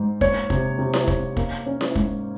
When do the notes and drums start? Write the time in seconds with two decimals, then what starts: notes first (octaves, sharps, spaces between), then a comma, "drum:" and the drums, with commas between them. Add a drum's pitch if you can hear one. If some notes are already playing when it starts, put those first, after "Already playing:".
Already playing: G#2
0.21 A#3 C#5, drum: kick
0.50 C3, drum: kick
0.79 C3
0.94 drum: snare E4
1.08 C3, drum: kick
1.37 A#3, drum: kick
1.66 C#4
1.81 drum: snare E4
1.95 G#2, drum: kick